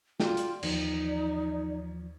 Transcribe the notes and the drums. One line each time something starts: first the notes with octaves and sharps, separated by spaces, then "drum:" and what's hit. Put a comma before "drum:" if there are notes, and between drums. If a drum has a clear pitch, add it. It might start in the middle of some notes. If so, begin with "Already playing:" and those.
F4 F#4 D5 G5, drum: snare
drum: hi-hat
D#2 E3 F3 D#4 D5, drum: cymbal